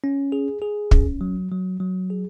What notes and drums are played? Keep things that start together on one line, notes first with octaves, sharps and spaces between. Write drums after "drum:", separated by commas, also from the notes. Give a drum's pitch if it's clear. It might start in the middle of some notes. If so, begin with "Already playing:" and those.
C#4
G#4
G#4
C#4, drum: kick
F#3
F#3
F#3
G#4